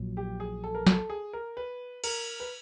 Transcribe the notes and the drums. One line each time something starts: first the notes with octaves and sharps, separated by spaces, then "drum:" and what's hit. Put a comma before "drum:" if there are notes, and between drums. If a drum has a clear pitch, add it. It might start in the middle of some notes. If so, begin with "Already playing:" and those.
Already playing: A#1 A#2 F#3
G4
G#4
A4
A#4
A4, drum: snare
G#4
A#4
B4
A#4, drum: cymbal
B4